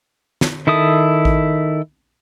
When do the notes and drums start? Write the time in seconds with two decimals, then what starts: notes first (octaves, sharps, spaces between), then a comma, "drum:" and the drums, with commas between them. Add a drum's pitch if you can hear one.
0.41 drum: snare
0.67 D#3 E4 A4 D#6
1.25 drum: kick A1